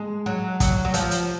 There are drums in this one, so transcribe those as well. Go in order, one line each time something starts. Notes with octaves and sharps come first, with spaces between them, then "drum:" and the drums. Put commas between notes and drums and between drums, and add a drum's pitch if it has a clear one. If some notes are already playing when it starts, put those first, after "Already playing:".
Already playing: G#3
F#3
F#3, drum: kick, hi-hat
F#3
F3, drum: hi-hat
drum: hi-hat